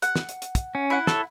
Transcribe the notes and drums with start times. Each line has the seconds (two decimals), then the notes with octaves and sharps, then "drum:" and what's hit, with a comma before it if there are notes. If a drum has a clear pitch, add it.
0.02 F#5, drum: hi-hat
0.16 drum: snare
0.29 drum: hi-hat
0.42 drum: hi-hat
0.55 drum: kick, hi-hat
0.75 C#4
0.90 E4 F#5
1.07 A4 C#5, drum: snare